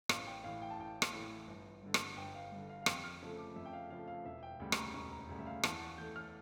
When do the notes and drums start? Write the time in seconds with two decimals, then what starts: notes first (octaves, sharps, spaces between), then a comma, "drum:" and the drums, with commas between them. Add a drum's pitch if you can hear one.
0.09 A1 F5, drum: rim click
0.27 G5
0.44 A2 E3 F5
0.62 G5
0.71 A5
0.79 A1 G5
1.02 drum: rim click
1.13 A2 E3
1.48 G1
1.83 G2 D3
1.94 drum: rim click
2.17 G1 G5
2.35 F5
2.52 G2 D3
2.69 F5
2.83 F5
2.86 F2 G5, drum: rim click
3.04 F6
3.21 C#3 F3 A3
3.39 D6
3.56 F2 E5
3.66 G5
3.73 F5
3.90 C#3 F3 A3 F5
4.08 F5
4.25 E1 E5
4.43 G5
4.60 D2 C#3 G3 G5
4.72 C#6, drum: rim click
4.77 A#5
4.94 E1 C#6
5.12 A#5
5.29 D2 C#3 G3
5.39 E5
5.46 F5
5.63 E2 A5, drum: rim click
5.81 C#6
5.98 E3 A3 G6
6.16 F6